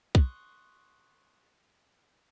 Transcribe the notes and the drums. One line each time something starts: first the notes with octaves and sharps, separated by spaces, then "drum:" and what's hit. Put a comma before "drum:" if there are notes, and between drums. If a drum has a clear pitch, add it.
C6 C#6 D#6 F#6, drum: kick